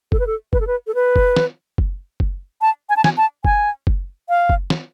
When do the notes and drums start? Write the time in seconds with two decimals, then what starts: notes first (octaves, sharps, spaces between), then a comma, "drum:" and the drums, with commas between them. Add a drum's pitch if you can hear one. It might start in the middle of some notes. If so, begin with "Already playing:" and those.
0.12 A4, drum: kick F#1
0.19 B4
0.27 A4
0.53 B4, drum: kick F#1
0.60 A4
0.67 B4
0.87 A4
0.95 B4
1.16 drum: kick F#1
1.37 drum: snare
1.78 drum: kick F#1
2.20 drum: kick F#1
2.61 A5
2.89 G#5
2.97 A5
3.04 G#5, drum: snare
3.17 A5
3.45 G#5, drum: kick F#1
3.87 drum: kick F#1
4.29 F5
4.49 drum: kick F#1
4.70 drum: snare